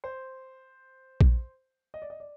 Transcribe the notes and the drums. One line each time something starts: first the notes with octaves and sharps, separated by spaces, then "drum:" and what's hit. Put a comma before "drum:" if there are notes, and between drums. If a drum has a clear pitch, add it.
C5
drum: kick A#1
D#5
D5
D#5
D5